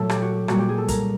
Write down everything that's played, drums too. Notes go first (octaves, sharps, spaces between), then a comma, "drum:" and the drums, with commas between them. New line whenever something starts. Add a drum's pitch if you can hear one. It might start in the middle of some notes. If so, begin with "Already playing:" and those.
Already playing: A#2 F#3 A3 A4
G4, drum: rim click
F#4
G4
A#2 G3 A#3 F#4, drum: rim click
G4
G#4
A4
A#4, drum: kick, hi-hat